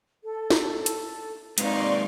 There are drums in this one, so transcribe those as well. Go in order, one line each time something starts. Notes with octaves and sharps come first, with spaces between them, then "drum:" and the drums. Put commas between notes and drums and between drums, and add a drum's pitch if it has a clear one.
A4
drum: snare
drum: hi-hat
G#2 C3 D#4 B4 D5 F5 C6 C#6, drum: hi-hat